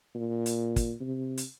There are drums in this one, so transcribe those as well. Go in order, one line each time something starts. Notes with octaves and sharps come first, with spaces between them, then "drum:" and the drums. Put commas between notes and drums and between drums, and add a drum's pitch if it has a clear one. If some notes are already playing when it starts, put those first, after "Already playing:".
A#2
drum: hi-hat
drum: kick, hi-hat
C3
drum: hi-hat